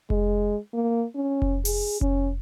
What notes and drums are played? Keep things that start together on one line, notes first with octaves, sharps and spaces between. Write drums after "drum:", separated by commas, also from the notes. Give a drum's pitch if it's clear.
G#3, drum: kick F1
A#3
C#4
drum: kick F1
G#4, drum: open hi-hat
C#4, drum: kick F1